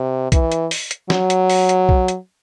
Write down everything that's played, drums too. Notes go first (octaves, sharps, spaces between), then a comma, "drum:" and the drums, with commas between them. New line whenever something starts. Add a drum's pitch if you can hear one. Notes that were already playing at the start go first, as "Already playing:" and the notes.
Already playing: C3
E3, drum: kick B1, hi-hat
drum: hi-hat
drum: open hi-hat
drum: hi-hat
F#3, drum: snare
drum: hi-hat
drum: open hi-hat
drum: hi-hat
drum: kick B1
drum: hi-hat